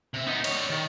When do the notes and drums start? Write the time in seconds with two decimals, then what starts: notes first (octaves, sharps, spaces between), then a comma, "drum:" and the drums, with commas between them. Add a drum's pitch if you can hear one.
0.14 C3 E5
0.27 B3 D#4
0.44 G3 C#5, drum: cymbal
0.70 D#3